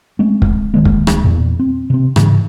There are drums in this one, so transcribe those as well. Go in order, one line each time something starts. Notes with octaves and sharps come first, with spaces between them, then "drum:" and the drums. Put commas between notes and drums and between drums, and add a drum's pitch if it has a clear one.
G#3 A3 C4 C#4
drum: kick
C#2 D#3 G#3 A#3
drum: kick
drum: rim click
E2 A#2
C4
C3 C4
G#2 C#3 E3, drum: rim click